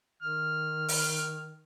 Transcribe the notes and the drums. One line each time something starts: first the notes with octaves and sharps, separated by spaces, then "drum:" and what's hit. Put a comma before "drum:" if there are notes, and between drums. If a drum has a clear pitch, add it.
D#3 F6
drum: open hi-hat